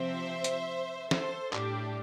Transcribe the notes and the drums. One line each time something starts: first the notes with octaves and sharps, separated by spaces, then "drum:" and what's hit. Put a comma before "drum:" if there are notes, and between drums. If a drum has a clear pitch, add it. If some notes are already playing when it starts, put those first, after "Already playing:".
Already playing: C3 F3 C4 C5 E5
drum: hi-hat
A4 C5, drum: snare
A2 G3 D4 G4, drum: clap